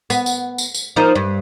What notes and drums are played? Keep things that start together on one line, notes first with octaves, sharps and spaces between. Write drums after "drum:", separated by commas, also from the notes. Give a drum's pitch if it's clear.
B3, drum: tambourine
drum: tambourine
drum: tambourine
drum: tambourine
F3 A#3 D#4
G2